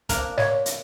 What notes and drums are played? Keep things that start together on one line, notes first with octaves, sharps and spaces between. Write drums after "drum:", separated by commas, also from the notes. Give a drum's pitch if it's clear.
A#3 D4 A#4, drum: kick, hi-hat
C#5, drum: snare
drum: hi-hat